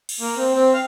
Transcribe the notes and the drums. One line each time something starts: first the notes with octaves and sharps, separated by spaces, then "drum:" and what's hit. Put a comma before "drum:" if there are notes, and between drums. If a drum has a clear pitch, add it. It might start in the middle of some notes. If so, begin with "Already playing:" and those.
drum: cymbal
A#3
C4
C4
F5